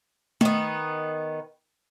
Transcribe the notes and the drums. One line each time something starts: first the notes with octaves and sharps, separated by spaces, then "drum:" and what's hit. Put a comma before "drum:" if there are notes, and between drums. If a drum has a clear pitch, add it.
D#3 B3, drum: tom A3